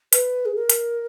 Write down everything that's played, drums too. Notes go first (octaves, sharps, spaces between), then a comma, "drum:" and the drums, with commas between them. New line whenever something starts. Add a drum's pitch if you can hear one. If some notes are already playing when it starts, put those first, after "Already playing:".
B4, drum: hi-hat
G#4
A#4
drum: hi-hat